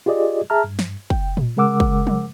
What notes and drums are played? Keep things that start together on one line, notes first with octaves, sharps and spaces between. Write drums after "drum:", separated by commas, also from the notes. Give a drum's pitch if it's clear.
F4 G4 G#4 D5 D#5
G#4 E5 A5 A#5 F6
G2
drum: snare
G5, drum: kick
A#2, drum: tom A#2
C#3 G#3 A#4 F#5 D6 E6
drum: kick
drum: tom F3